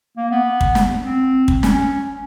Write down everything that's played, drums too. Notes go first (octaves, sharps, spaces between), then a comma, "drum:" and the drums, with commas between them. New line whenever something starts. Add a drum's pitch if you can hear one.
A#3
B3
drum: kick
drum: snare
C4
drum: kick
C#4, drum: snare